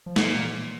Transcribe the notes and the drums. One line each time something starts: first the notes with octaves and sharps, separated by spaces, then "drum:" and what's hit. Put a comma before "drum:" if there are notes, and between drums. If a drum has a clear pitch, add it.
F3
A#2 E3, drum: snare